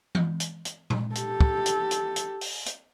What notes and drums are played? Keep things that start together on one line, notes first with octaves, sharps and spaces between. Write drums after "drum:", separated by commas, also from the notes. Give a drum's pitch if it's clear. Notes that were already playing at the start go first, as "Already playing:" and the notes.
drum: tom E3
drum: hi-hat
drum: hi-hat
drum: tom A#2
G4 A4, drum: hi-hat
drum: kick
drum: hi-hat
drum: hi-hat
drum: hi-hat
drum: open hi-hat
drum: hi-hat